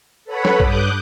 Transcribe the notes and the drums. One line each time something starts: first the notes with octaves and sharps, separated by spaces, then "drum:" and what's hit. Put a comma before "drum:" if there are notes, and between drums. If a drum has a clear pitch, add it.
A4 B4 C#5 F#5 B5
drum: snare
G2 D6 D#6 F#6 G6, drum: kick A#1